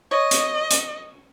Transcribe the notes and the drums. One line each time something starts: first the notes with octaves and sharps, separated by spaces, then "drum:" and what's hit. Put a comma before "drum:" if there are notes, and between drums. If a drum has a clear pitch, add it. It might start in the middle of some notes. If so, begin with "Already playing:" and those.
C#5 D#5
drum: hi-hat
drum: hi-hat